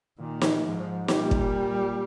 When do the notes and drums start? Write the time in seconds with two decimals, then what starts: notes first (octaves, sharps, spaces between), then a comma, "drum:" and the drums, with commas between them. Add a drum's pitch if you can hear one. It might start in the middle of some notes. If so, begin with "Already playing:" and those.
0.19 A#2 D#3
0.41 drum: snare
0.64 G#2 F3
1.08 A#2 G3, drum: snare
1.31 drum: kick